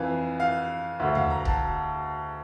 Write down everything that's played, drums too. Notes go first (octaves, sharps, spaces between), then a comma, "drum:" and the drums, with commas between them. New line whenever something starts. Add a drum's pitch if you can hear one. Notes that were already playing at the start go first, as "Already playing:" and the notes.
Already playing: F2 E3 F5
F5
D2 D3 E5
F5, drum: tom D#2
A#5
A5, drum: kick